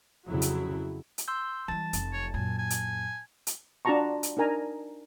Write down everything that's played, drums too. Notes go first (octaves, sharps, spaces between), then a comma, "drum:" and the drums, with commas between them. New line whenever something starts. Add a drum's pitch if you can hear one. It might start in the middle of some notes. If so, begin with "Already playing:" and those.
F2 C#3 F#3 E4 G#4
drum: hi-hat
drum: hi-hat
C6 E6 G6
E3 G3 A5 A6
F1, drum: hi-hat
C#5
F#2 A#2 G#5
G#5
drum: hi-hat
drum: hi-hat
D4 F4 F#4 A5 A#5 C#6
drum: hi-hat
D4 D#4 A#4 G#5 A#5